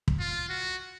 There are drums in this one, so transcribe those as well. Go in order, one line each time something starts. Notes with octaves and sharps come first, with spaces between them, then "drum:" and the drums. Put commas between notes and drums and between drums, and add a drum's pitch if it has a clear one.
drum: kick
F4
F#4